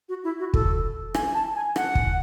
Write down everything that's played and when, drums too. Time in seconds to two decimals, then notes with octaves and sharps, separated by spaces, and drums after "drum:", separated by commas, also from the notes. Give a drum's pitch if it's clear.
0.09 F#4
0.24 E4
0.39 F#4
0.54 A4, drum: kick
1.14 G#5, drum: rim click
1.34 A5
1.55 G#5
1.76 F#5, drum: rim click
1.95 drum: kick